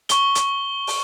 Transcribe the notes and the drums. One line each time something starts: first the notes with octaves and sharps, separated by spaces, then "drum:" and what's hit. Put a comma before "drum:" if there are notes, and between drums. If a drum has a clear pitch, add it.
C#6 G7, drum: hi-hat
drum: hi-hat
drum: open hi-hat